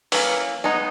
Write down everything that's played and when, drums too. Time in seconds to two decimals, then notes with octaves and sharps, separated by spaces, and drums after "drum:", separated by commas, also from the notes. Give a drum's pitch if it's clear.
0.12 E3 A#3 C#4, drum: open hi-hat
0.64 G#3 B3 D#4